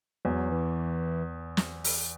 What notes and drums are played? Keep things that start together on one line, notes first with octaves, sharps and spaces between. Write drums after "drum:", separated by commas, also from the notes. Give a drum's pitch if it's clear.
E2 F#3
E3
drum: snare
drum: open hi-hat